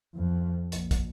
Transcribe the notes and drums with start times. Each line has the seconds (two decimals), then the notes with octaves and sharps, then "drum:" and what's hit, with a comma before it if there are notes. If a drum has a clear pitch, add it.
0.15 F2
0.72 A#1, drum: hi-hat
0.91 drum: kick, hi-hat